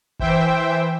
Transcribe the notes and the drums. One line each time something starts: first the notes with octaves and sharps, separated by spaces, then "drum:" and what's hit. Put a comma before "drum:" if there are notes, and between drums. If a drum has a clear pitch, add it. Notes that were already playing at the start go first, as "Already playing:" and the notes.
E3 C5 E5 G5, drum: kick G1